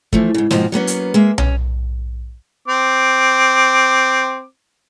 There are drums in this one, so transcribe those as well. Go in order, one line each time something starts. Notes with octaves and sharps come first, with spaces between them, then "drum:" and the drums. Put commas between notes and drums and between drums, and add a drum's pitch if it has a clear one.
E3 F3 A3, drum: kick
G#2 C#3
G#2 B2 D#3 F3 A#3, drum: snare
F#3 A#3 B3 C#4
drum: hi-hat
G#3 A#3 E5
C#4, drum: tom B1
C4 D6